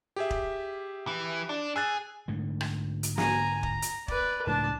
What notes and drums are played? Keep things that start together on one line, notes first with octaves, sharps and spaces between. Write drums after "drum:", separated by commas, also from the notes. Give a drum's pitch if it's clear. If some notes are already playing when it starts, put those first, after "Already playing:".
G4 G#4 E5
drum: kick
E3
D4
G#4 E6 F#6 A6
G#2 D3 A3
drum: rim click
drum: hi-hat
G#5 A#5, drum: snare
A#5, drum: kick
drum: hi-hat
B4 D5, drum: kick
C#2 A2 F3 D4 A5